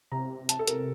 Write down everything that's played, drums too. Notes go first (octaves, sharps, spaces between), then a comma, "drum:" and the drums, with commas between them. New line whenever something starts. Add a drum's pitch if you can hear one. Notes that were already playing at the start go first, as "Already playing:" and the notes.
C3 A#5
A5, drum: hi-hat
A4
A#4, drum: hi-hat